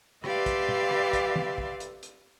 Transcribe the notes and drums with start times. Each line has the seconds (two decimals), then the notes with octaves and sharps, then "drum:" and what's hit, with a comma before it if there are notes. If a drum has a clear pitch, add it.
0.24 G4 B4 D5 E5 F5 C6, drum: rim click
0.46 drum: kick, hi-hat
0.69 drum: tom
0.91 drum: rim click
1.13 drum: kick, hi-hat
1.36 drum: tom
1.58 drum: kick
1.80 drum: hi-hat
2.03 drum: hi-hat